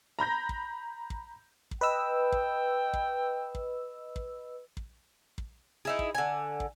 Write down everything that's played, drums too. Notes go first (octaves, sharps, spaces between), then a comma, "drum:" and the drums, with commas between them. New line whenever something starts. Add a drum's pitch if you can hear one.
A#5 B5 G6 A#6
drum: kick
drum: kick
drum: kick
B4 D#5 G5 E6
drum: kick
drum: kick
drum: kick
drum: kick
drum: kick
drum: kick
D#4 E4 G#4
drum: kick
D3 G#5
drum: kick